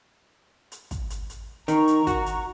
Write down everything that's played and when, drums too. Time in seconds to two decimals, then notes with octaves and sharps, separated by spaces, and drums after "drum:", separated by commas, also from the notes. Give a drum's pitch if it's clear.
0.72 drum: hi-hat
0.91 drum: kick, hi-hat
1.10 drum: hi-hat
1.30 drum: hi-hat
1.68 D#3 A#5 C#6, drum: hi-hat
1.88 drum: hi-hat
2.07 F#4, drum: kick, hi-hat
2.26 drum: hi-hat